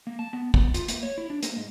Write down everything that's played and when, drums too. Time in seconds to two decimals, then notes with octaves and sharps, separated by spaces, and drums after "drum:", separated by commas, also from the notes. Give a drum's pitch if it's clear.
0.07 A#3
0.19 A5
0.33 B3
0.54 B3, drum: kick
0.74 F4, drum: hi-hat
0.88 A#3, drum: hi-hat
1.03 C#5
1.18 E4
1.30 D4
1.43 A#3, drum: hi-hat
1.57 G#2